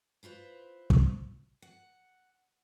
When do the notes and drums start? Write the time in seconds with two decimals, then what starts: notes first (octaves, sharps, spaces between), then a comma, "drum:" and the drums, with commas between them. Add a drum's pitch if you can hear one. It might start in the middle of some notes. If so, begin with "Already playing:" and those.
0.23 E4 F4 B4 C5
0.90 drum: kick
1.62 F#5